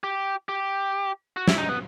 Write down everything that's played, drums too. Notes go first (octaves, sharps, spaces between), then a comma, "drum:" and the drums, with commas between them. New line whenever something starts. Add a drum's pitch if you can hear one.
G4
G4
F#4
E4, drum: snare
D#4
B3